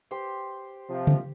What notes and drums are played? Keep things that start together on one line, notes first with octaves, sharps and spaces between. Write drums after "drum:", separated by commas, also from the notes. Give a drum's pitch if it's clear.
G4 C5 G5
C3 F3
drum: tom C#3